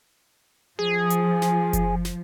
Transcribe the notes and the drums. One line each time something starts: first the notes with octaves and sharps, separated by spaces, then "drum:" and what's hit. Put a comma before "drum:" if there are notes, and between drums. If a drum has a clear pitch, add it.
F3 G#4
drum: hi-hat
drum: snare
drum: kick F#1, hi-hat
drum: snare